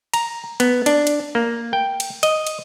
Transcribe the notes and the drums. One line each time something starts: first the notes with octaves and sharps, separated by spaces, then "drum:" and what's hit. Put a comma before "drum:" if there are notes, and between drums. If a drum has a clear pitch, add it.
A#5, drum: cymbal
B3, drum: cymbal
D4, drum: cymbal
drum: cymbal
A#3
G5
drum: cymbal
D#5, drum: cymbal
drum: cymbal